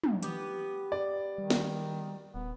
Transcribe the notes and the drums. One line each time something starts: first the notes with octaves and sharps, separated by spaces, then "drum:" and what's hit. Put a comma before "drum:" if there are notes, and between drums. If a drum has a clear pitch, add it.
drum: tom
B3 G4, drum: hi-hat
D5
D#3 G3
drum: snare
D#1 B3